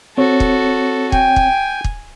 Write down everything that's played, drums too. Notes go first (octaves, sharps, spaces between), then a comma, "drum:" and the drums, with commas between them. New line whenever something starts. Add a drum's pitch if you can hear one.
C4 F#4 A4 C#5
drum: kick
G5 G#5, drum: kick
drum: kick
drum: kick